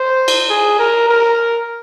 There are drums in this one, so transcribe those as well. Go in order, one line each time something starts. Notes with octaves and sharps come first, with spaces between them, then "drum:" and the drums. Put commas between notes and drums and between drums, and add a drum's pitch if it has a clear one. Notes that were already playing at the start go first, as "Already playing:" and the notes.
Already playing: C5
drum: cymbal
G#4
A#4
A#4